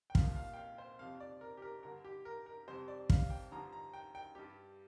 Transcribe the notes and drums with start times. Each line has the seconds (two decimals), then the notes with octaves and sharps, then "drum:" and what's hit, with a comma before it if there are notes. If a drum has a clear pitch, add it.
0.10 G5
0.15 C2 A#2 F3 F5, drum: kick
0.36 F5
0.53 G5
0.57 F5
0.78 C5
0.99 F2 C3 F3 F5
1.20 D5
1.41 A#4
1.57 G4
1.62 A#4
1.83 G2 D3 G3 A#4
2.04 G4
2.25 A#4
2.46 A#4
2.67 F2 C3 G3 C5
2.88 D5
3.10 F5, drum: kick
3.30 G5
3.51 G2 D3 F3 A#5
3.73 A#5
3.93 G5
4.15 G5
4.35 G2 G3 G4